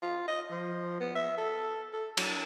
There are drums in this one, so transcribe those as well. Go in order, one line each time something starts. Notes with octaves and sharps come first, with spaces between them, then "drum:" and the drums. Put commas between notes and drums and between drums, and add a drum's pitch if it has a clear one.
F4
D#5
F3
B3
E5
A4
A4
F#3, drum: cymbal